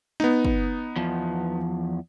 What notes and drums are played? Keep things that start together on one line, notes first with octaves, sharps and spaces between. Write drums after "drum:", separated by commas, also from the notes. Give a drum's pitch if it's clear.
B3 D#4, drum: snare
drum: kick
E2 F3